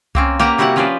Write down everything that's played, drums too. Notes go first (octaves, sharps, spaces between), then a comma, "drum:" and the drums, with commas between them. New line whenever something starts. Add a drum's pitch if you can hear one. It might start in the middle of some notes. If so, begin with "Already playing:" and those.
A#3 C4 C#4, drum: tom C2
A#3 G4 B4 F#5 A#5
C3 G3 E4 F#4 G4 F#5
F3 C#4 B4 C5 D5